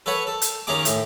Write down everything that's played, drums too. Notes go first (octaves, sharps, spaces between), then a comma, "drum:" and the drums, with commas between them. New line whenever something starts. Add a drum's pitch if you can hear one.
A4 B4 C#5 F#5
A4
drum: hi-hat
D#2 C#4 D#4 G#4 A#5 D6
A2, drum: hi-hat